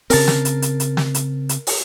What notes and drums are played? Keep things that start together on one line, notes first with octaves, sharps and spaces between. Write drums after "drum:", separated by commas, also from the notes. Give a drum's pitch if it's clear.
C#3 C4 A#4 A5, drum: open hi-hat
drum: snare
drum: hi-hat
drum: hi-hat
drum: hi-hat
drum: snare
drum: hi-hat
drum: hi-hat
drum: open hi-hat